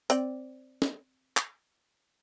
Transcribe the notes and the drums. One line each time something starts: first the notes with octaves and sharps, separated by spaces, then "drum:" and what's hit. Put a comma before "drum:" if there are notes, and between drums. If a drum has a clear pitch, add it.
C4 D5 G5, drum: hi-hat
drum: snare
drum: clap